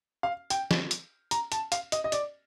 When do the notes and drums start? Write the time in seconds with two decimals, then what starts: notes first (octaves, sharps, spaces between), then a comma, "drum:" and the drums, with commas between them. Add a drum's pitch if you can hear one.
0.23 F5
0.50 G5, drum: hi-hat
0.71 drum: snare
0.91 drum: hi-hat
1.31 A#5, drum: hi-hat
1.52 A5, drum: hi-hat
1.72 F5, drum: hi-hat
1.92 D#5, drum: hi-hat
2.04 D#5
2.12 D5, drum: hi-hat